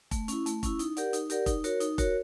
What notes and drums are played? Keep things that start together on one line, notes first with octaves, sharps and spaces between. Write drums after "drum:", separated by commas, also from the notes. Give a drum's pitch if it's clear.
A3, drum: kick F1, hi-hat
C#4 E4, drum: hi-hat
A3, drum: hi-hat
C#4 E4, drum: kick F1, hi-hat
D#4, drum: hi-hat
G4 A#4 D5 F#5, drum: hi-hat
D#4, drum: hi-hat
G4 A#4 D5 F#5, drum: hi-hat
D#4, drum: kick F1, hi-hat
F#4 A#4 C#5, drum: hi-hat
D#4, drum: hi-hat
F#4 A#4 C#5, drum: kick F1, hi-hat